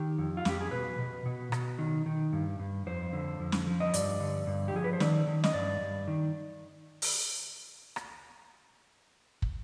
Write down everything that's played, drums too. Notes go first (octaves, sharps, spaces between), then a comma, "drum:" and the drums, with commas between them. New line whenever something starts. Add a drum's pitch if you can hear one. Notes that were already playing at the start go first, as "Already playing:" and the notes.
Already playing: D#3 G4
F2
F4
F2 G4, drum: snare
G#4
B2 B4
B2
B2
B2, drum: rim click
D#3
D#3
G2
G2
F2 C5
D3
F2
drum: snare
F3
D#5
G2 D5, drum: hi-hat
D3
G2
G4
F3 G#4
B4
C5
D#3 D5, drum: snare
D#3
D#5, drum: snare
G2 D5
G2
D#3
drum: open hi-hat
drum: rim click
drum: kick